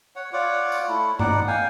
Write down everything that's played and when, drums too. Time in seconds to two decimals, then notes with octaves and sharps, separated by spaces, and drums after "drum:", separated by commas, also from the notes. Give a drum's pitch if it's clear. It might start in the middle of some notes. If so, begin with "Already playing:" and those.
0.16 C#5 F#5
0.33 F4 C#5 D5 F#5
0.72 drum: tambourine
0.88 A3 E4
1.19 D#4 D5 F#5, drum: tom G2
1.47 F5 G5 G#5